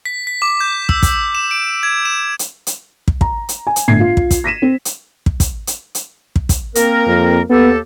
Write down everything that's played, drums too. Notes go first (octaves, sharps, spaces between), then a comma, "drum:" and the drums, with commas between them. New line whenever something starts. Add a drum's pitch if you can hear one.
B6
B6
D6
G6
E6, drum: kick
drum: kick, hi-hat
E7
D7
G#6
E7
drum: hi-hat
drum: hi-hat
drum: kick
A#5, drum: kick
drum: hi-hat
G#5
drum: hi-hat
G1 A2 G#6 C7
F4
drum: kick
drum: kick, hi-hat
A#6 B6 D#7 E7
C4
drum: hi-hat
drum: kick
drum: kick, hi-hat
drum: hi-hat
drum: hi-hat
drum: kick
drum: kick, hi-hat
A#3 C4 A#4, drum: hi-hat
F2
D#2 B3 G4 A4